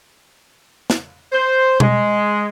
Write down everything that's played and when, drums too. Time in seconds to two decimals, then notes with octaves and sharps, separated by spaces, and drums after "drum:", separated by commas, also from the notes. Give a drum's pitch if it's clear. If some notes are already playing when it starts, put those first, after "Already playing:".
0.90 drum: snare
1.32 C5
1.80 G#3, drum: tom B2